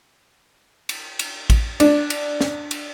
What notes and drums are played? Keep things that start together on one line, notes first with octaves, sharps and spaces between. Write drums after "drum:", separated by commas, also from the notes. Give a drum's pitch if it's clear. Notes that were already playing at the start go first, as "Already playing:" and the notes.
drum: cymbal
drum: cymbal
drum: kick A1, cymbal
D4, drum: cymbal
drum: cymbal
drum: snare
drum: cymbal